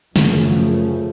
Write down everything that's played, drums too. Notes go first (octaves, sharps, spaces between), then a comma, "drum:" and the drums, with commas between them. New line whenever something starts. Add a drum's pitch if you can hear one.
F#2 C#3 F3 A3, drum: snare